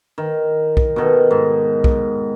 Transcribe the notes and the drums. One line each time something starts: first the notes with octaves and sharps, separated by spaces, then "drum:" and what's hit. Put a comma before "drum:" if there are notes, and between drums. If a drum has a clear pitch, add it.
D#3
drum: kick B1
B2 D#3 A4
G#2
drum: kick B1